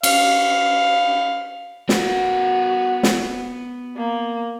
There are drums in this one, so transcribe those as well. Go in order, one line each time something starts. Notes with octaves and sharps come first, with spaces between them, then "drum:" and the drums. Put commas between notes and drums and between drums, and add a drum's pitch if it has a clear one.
F5, drum: cymbal
B3 F#4 A#4, drum: snare
drum: snare
A#3